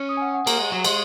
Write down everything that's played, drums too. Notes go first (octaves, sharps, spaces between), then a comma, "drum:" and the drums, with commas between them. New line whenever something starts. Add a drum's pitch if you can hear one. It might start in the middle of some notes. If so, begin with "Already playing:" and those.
Already playing: C#4
D#6
G#5
F#5
F#5
A#3 A#5, drum: cymbal
G#3
F#3
G#3 C6, drum: cymbal